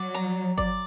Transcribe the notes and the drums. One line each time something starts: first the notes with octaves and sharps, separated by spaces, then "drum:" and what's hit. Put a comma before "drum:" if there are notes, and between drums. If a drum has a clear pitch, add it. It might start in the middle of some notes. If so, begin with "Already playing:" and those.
Already playing: F#3 D5
A#5
D5, drum: kick G1